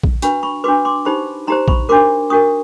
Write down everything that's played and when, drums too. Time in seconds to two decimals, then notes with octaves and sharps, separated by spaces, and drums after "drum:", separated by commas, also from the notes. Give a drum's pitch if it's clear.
0.03 drum: kick A#1
0.22 D4 F#4 B4 B5 C#6, drum: hi-hat
0.43 B5 C#6
0.64 D4 F#4 B4 C6 D6
0.85 C6 D6
1.05 D#4 G4 C5 B5 C#6
1.47 D#4 G4 C5 A#5 C6
1.68 B5 C#6, drum: kick A#1
1.89 D4 F#4 A#4 C6 D6
2.30 D4 F#4 A#4 C#6 D#6